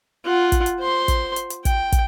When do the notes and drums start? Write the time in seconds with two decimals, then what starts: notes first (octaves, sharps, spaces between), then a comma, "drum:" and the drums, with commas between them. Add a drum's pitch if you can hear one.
0.24 F4 F#5
0.52 drum: kick, hi-hat
0.66 drum: hi-hat
0.80 C5 C6
1.08 drum: kick, hi-hat
1.36 drum: hi-hat
1.50 drum: hi-hat
1.65 G5, drum: kick, hi-hat
1.92 drum: kick, hi-hat